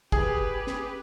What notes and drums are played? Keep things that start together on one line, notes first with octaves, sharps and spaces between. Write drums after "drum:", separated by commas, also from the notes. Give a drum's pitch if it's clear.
G4 G#4 B4, drum: kick
drum: snare